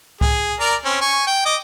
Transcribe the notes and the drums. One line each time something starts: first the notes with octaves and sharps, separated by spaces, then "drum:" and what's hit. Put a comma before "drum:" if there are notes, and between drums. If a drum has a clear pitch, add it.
G#4, drum: kick C#2
A#4 D5 A#5
C4 C#4
G#5 C#6
G5
D#5 D6